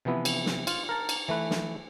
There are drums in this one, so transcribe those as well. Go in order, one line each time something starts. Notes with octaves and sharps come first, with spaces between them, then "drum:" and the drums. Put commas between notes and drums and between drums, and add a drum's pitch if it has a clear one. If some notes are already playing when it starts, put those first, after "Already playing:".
C3 E3 F3 B3 E4
drum: cymbal
drum: snare
F4, drum: cymbal
A#4 A5
drum: cymbal
E3 A3 B4
drum: snare